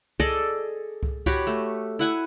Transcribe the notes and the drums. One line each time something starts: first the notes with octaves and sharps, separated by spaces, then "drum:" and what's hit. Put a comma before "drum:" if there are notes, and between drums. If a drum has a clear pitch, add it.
G#4 A4 D5 D#5, drum: kick C2
drum: kick C2
F#4 G4 C#5 B5, drum: kick C2
A3
E4 F#5 G#5